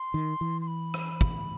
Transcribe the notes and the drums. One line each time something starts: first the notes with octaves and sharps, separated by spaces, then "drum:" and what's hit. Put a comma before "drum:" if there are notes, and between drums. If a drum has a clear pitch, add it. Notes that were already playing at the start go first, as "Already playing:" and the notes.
Already playing: C6
D#3
E3
C6
B5
drum: rim click
drum: kick